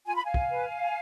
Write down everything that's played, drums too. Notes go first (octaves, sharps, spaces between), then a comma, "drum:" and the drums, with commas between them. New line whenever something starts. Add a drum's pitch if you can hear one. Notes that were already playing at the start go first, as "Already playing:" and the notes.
F4 G#5
B5
F5 G#5
drum: kick
B4